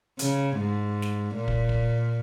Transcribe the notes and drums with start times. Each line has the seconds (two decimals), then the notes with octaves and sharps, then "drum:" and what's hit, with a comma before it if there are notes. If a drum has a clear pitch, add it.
0.19 C#3, drum: hi-hat
0.58 G#2
1.02 drum: snare
1.35 A#2
1.48 drum: kick
1.69 drum: kick